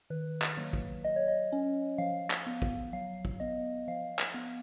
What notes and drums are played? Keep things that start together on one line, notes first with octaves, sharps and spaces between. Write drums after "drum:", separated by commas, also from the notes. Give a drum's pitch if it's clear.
D#3 B4
drum: clap
F#3 A#3
drum: kick
F#3 D#5
C#5
D#5
C#4
F3 F5
drum: clap
B3
drum: kick
F#3 F5
drum: kick
B3 D#5
F3 F5
drum: clap
B3